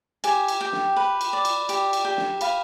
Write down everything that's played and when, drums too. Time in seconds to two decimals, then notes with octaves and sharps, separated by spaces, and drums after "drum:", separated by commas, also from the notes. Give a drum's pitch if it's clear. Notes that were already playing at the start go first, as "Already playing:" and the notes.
0.24 G4 G#5, drum: cymbal
0.48 drum: cymbal
0.61 G4 G5
0.73 drum: snare
0.96 B4
1.21 drum: cymbal
1.33 D5
1.45 drum: cymbal
1.69 G4, drum: cymbal
1.93 drum: cymbal
2.05 G4
2.17 drum: snare
2.41 B4 F5, drum: cymbal